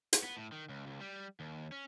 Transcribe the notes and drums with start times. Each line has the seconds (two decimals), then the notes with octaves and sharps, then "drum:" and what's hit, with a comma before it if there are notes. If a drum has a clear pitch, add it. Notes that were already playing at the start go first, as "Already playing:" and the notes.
0.13 drum: hi-hat
0.23 B3
0.37 A2
0.52 D#3
0.69 C#2
0.87 C#2
1.01 G3
1.40 D#2
1.72 C#4